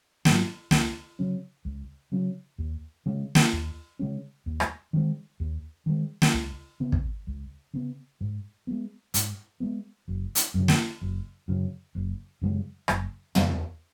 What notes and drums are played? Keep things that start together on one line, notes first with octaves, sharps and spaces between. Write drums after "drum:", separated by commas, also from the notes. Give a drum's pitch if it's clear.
G#2 F#3 B3, drum: snare
C#2, drum: snare
C#3 F#3 C#4
C#2
C#3 F#3 C#4
D#2
C#3 G#3 C#4
drum: snare
D#2
C#3 G#3 C#4
D#2
drum: rim click
D#3 G#3
D#2
D#3 G#3
drum: snare
C#2
C#3 B3
drum: kick
C#2
C#3 B3
G#2
G#3 B3
G#2, drum: hi-hat
G#3 B3
F#1
drum: hi-hat
F#2 C#3
drum: snare
F#1
F#2 C#3
F#1
F#2 C#3 G#3
F#1, drum: rim click
F#2 C#3 G#3, drum: tom